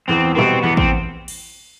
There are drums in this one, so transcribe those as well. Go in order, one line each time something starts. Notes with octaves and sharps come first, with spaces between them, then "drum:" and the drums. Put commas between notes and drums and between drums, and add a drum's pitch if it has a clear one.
E2 C4
B2 G3 B3 C4
E2 B3
C4, drum: kick A1
drum: cymbal